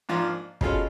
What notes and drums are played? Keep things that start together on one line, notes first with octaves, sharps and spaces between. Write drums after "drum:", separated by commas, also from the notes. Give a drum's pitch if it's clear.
G#2 F3 A#3 D4 F4
B2 G#3 C#4 F4 A4, drum: kick